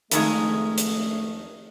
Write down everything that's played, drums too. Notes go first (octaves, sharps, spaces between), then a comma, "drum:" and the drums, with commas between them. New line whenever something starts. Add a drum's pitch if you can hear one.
F2 D#3 G#3 A3, drum: hi-hat
drum: hi-hat